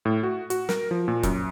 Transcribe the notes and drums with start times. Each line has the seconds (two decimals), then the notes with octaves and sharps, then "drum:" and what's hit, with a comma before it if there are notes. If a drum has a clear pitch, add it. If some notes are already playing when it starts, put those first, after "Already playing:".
0.05 A2
0.23 F#4
0.50 F#4, drum: hi-hat
0.69 A#4, drum: snare
0.91 F3
1.08 A#2
1.23 F#2, drum: kick E1, hi-hat